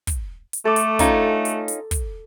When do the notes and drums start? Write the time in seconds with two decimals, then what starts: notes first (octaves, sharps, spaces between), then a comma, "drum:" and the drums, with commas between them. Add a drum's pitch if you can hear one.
0.07 drum: kick, hi-hat
0.53 drum: hi-hat
0.65 A3 A4 D6
0.76 drum: hi-hat
0.99 C#4 D#4 F4, drum: kick, hi-hat
1.45 drum: hi-hat
1.68 drum: hi-hat
1.91 drum: kick, hi-hat